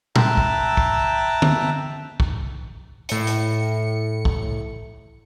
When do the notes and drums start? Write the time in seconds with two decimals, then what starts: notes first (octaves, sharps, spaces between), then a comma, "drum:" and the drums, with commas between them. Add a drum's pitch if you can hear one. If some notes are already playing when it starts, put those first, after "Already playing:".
0.16 E5 G5 A5 A#5 E6 F#6, drum: tom A#2
0.37 drum: kick
0.77 drum: kick
1.42 drum: tom D3
2.20 drum: kick
3.09 A2 C#7, drum: hi-hat
3.27 drum: hi-hat
4.25 drum: kick